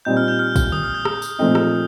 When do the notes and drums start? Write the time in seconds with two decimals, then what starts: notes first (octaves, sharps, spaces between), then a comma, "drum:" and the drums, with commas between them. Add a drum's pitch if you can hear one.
0.05 A#2 G3 C4 D#4 G6
0.17 F6
0.28 G6
0.39 F6
0.56 drum: kick, tambourine
0.72 D#6, drum: tom D3
0.83 F6
0.94 G6
1.05 drum: rim click
1.22 drum: tambourine
1.39 A#2 F3 A3 C4 D#4
1.55 drum: rim click